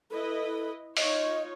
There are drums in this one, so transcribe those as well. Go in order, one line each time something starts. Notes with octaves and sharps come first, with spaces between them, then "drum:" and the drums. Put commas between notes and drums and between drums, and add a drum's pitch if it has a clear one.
E4 A4 B4 D#5
D#4 F4 C#5 D#5, drum: open hi-hat